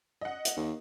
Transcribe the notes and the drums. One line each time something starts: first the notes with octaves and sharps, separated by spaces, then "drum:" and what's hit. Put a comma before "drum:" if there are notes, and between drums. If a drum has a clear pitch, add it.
D#5 F#5
drum: hi-hat
D#2